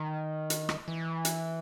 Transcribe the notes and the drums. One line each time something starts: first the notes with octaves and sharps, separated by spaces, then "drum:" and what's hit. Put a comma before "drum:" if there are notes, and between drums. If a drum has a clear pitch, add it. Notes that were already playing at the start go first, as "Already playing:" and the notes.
Already playing: D#3
drum: hi-hat
drum: rim click
E3
drum: hi-hat